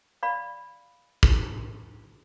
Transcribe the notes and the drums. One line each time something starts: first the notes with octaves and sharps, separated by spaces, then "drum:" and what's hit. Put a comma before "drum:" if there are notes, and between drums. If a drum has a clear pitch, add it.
D5 F5 B5
drum: kick